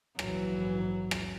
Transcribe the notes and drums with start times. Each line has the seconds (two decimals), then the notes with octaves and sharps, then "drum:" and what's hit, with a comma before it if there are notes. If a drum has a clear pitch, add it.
0.19 A#1 G#2 E3 F#3, drum: rim click
1.11 drum: rim click